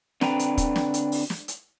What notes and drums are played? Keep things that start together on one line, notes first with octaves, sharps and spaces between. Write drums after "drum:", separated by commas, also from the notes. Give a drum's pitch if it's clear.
D3 C4 D4 B4 G5 A#5, drum: snare
drum: hi-hat
drum: kick, hi-hat
drum: snare
drum: hi-hat
drum: open hi-hat
drum: snare
drum: hi-hat